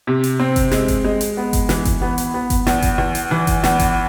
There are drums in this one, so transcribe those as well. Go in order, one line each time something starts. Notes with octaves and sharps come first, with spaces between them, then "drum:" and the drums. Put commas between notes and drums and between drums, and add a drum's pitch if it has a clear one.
C3
drum: hi-hat
C4
drum: kick G1, hi-hat
G#3, drum: snare
drum: kick G1, hi-hat
G#3
drum: hi-hat
B3
drum: kick G1, hi-hat
E3, drum: snare
drum: kick G1, hi-hat
B3
drum: hi-hat
B3
drum: kick G1, hi-hat
E2, drum: snare
drum: kick G1, hi-hat
E2
drum: hi-hat
E3
drum: kick G1, hi-hat
E2, drum: snare
drum: kick G1, hi-hat